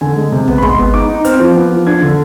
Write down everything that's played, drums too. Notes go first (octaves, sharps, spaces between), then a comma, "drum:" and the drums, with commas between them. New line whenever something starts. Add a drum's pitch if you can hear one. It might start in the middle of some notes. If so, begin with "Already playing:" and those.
D3 G#5
G#3
C3
B3, drum: tom
B5
G#3 C6, drum: kick
B3
D#4 D6
D#4
C4 F6, drum: hi-hat
F3
B3
F3
D4 G#6
D3